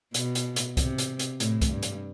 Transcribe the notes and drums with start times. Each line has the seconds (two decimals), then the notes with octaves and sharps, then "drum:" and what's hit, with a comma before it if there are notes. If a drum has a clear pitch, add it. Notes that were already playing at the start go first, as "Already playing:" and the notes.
0.14 B2, drum: hi-hat
0.35 drum: hi-hat
0.56 drum: hi-hat
0.77 C3, drum: kick, hi-hat
0.98 drum: hi-hat
1.19 drum: hi-hat
1.40 A2, drum: hi-hat
1.61 drum: kick, hi-hat
1.71 G2
1.83 drum: hi-hat